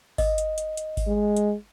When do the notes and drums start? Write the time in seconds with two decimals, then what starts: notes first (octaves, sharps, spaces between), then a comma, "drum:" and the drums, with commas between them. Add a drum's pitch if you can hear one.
0.18 D#5, drum: kick G#1, open hi-hat
0.38 drum: hi-hat
0.58 drum: hi-hat
0.77 drum: hi-hat
0.97 drum: kick G#1, open hi-hat
1.08 G#3
1.37 drum: hi-hat